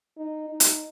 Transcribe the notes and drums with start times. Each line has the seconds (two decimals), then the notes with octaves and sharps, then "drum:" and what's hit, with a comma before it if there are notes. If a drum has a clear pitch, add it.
0.17 D#4
0.49 D#4
0.60 drum: hi-hat